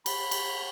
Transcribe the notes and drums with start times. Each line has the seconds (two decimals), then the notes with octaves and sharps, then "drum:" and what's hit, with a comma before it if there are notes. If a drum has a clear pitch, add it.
0.06 B5, drum: cymbal
0.31 drum: cymbal